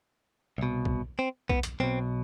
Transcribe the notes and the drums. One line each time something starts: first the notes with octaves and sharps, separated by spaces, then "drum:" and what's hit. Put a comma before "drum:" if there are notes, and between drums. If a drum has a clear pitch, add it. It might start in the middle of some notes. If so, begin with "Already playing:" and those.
C2 B2
drum: kick
C4
B3, drum: kick
drum: hi-hat
B1 B2 C4